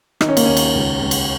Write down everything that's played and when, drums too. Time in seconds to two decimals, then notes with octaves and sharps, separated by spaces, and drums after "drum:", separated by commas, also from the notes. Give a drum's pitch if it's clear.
0.21 D#3 D#4, drum: rim click
0.28 C#4
0.37 A#3, drum: cymbal
0.45 D#2 C#4
0.57 drum: cymbal
0.75 C#2
1.02 C#2
1.11 drum: cymbal